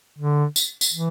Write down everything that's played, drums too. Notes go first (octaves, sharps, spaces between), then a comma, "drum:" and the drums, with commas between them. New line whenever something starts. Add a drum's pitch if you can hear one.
D3
drum: tambourine
drum: tambourine
E3